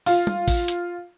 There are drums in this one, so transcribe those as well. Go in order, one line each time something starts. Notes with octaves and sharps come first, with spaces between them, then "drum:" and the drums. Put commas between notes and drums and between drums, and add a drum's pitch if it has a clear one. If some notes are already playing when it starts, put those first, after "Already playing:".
F4, drum: open hi-hat
drum: tom
drum: kick A1, open hi-hat
drum: hi-hat